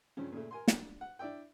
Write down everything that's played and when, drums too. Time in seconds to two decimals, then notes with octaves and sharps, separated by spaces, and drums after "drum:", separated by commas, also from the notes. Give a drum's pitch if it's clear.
0.17 G2 C#3 F3 C4 C#4
0.32 A#2 C#3 A3
0.51 A#4 G#5 C6
0.68 D4, drum: snare
1.01 F#5
1.19 D4 E4 D5 E5 G5